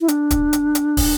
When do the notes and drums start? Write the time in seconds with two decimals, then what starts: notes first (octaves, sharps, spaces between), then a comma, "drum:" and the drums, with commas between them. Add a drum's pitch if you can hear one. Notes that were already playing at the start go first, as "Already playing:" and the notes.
0.01 E4
0.08 D4, drum: hi-hat
0.31 drum: kick, hi-hat
0.53 drum: hi-hat
0.75 drum: hi-hat
0.97 drum: kick, open hi-hat